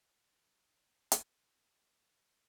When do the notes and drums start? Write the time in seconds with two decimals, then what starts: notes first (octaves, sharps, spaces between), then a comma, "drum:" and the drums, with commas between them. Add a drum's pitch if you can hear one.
0.09 C#3 E3 B3
1.12 drum: hi-hat